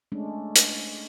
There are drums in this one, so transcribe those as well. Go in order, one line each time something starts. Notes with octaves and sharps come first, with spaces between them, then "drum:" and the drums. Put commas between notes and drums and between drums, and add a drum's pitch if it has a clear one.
G#3 A3 C#4 D4
drum: hi-hat